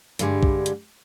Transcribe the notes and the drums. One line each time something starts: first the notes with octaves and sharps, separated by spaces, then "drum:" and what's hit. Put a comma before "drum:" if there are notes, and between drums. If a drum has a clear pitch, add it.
G2 D3 G3 G#3, drum: hi-hat
drum: kick
drum: hi-hat